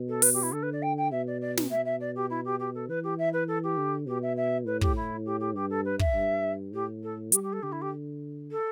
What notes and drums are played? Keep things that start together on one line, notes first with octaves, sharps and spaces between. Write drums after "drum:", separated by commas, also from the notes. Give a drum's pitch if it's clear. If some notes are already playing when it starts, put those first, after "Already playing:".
Already playing: B2
A4
B4, drum: open hi-hat
G4
E4
D3 A4
B4
D5
G5
G5
B2 E5
D5
D5
drum: snare
B2 E5
E5
D5
G4
E4
G4
G4
A4
E3 B4
G4
E5
B4
A4
G4
D3
B2 G4
E5
E5
A2 B4
G4, drum: kick
E4
G4
G4
G2 G4
A4
B4
E5, drum: kick
G2
A2 G4
A4
G3 G4, drum: hi-hat
G4
A4
D3 G4
E4
G4
A4